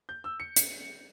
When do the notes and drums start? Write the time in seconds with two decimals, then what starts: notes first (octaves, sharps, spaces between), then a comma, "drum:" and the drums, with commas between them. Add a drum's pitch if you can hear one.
0.09 G6
0.24 E6
0.40 C#7
0.56 C#7, drum: hi-hat